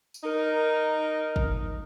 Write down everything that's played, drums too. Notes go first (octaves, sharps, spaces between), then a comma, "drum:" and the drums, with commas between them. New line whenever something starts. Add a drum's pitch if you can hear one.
drum: tambourine
D#4 A#4
drum: kick